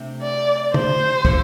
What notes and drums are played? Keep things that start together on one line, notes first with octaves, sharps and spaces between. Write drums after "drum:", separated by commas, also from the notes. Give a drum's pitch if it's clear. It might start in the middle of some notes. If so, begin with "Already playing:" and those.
Already playing: C3 A3 D4
D5
C5, drum: tom C#3
F3 D4 A4 D5, drum: kick